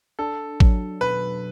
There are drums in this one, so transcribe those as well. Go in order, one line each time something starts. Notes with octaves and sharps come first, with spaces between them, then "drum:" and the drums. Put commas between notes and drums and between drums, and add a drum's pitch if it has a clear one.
D4 A4
F#3, drum: kick
B2 B4